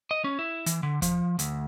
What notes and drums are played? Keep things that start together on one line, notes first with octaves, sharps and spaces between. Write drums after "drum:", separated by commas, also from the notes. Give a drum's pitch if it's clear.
D#5
C#4
E4
E3, drum: hi-hat
D3
F3, drum: kick D#2, hi-hat
D2, drum: hi-hat